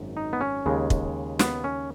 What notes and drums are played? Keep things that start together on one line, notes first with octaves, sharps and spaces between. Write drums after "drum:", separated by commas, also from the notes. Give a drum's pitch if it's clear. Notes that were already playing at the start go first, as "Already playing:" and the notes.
Already playing: G#1 F#2
D#4
B3
C#4
D#2 C#3 G#3
drum: kick
B3, drum: snare
C#4